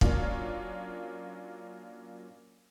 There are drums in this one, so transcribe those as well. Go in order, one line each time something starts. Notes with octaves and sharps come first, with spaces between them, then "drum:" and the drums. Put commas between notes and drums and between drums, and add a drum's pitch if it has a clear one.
F#3 A#3 C#4 D4 F4, drum: kick